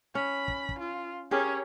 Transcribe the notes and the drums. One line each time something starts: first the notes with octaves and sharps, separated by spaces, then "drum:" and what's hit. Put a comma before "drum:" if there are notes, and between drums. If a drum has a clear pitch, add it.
C#4 B5
drum: kick
drum: kick
F4
C#4 G4 G#4 A#4 C#5